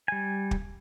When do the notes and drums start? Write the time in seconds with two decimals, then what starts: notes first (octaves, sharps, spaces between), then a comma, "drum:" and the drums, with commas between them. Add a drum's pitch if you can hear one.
0.08 G3 G#5
0.51 drum: kick